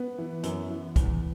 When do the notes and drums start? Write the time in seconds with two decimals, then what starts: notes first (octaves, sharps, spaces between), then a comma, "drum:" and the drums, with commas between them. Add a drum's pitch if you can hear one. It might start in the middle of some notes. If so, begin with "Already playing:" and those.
Already playing: B3
0.18 E3
0.43 F#2, drum: hi-hat
0.70 E3
0.96 E2, drum: kick, hi-hat